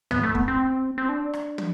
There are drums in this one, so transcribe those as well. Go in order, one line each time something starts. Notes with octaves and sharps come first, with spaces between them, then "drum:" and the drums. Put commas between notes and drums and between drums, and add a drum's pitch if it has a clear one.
B3, drum: tom
A3
B3, drum: kick
C4
C4
D4
drum: rim click
drum: tom